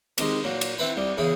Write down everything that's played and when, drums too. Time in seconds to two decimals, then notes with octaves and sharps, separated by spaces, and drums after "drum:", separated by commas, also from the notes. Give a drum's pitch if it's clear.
0.18 C3 D#3 G#3, drum: cymbal
0.44 A#2 F#3
0.61 drum: cymbal
0.78 C4 E4 B4 F#5 B5
0.96 C2 G3
1.17 E2 C#3 E4 G#4